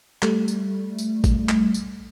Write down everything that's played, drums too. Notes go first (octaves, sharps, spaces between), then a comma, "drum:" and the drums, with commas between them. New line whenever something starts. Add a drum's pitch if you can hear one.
G3 A3, drum: clap
drum: tambourine
drum: tambourine
drum: kick, tambourine
drum: clap
drum: tambourine